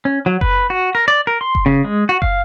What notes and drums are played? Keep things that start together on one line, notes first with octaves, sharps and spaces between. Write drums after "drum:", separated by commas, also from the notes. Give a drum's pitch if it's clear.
C#4
F#3
B4, drum: kick F#1
F#4
A#4
D5
A#4
C6
drum: kick F#1
C#3
G#3
F#4
F5, drum: kick F#1